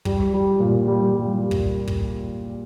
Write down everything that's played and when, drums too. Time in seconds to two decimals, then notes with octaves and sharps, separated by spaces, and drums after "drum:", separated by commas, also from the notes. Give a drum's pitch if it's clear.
0.05 G3, drum: kick
0.33 G3
0.60 A#2
0.87 G3
1.14 G3
1.51 drum: kick
1.88 drum: kick